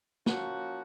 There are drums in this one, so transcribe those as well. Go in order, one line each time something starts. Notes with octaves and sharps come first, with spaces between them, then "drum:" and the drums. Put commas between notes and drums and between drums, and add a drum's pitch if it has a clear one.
F3 A#3 C#4 F#4, drum: snare